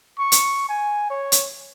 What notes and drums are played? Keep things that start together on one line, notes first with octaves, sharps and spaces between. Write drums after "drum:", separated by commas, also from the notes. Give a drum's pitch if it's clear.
C#6
drum: hi-hat
G#5
C#5
drum: hi-hat